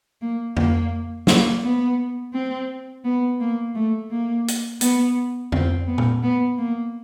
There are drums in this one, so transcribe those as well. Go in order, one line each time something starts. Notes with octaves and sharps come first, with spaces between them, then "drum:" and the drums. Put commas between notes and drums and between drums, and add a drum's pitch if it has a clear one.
A#3
A#3, drum: tom F2
A#3, drum: snare
B3
C4
B3
A#3
A3
A#3
drum: hi-hat
B3, drum: hi-hat
C4, drum: tom F2
B3
drum: tom A#2
B3
A#3